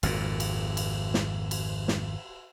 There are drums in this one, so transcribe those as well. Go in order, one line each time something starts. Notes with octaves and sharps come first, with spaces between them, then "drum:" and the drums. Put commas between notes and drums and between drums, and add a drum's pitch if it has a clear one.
G#1 F2 A#2, drum: cymbal
drum: cymbal
drum: cymbal
drum: snare
drum: cymbal
drum: snare